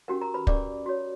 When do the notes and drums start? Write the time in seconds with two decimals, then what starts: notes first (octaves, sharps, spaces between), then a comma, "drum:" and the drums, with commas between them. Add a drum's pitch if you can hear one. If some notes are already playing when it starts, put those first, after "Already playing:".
0.08 C#4 F#4 G4 A#4 F#5
0.21 A#4 A#5
0.34 B4 B5
0.47 C#4 G4 A#4 D5 D6, drum: kick
0.86 F#4 C#5